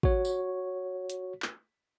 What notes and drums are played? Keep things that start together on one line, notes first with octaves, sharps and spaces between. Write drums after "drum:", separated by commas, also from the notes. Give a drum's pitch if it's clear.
F#4 C#5, drum: kick
drum: tambourine
drum: hi-hat
drum: clap